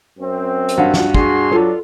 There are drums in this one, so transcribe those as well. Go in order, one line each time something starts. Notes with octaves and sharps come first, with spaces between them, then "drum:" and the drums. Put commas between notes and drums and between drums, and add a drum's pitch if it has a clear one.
F#2 C4
drum: hi-hat
G2 F#4 F5 F#5
drum: snare
D4 F#4 G#4 C6, drum: kick
F#3 D4 F4 A4 B4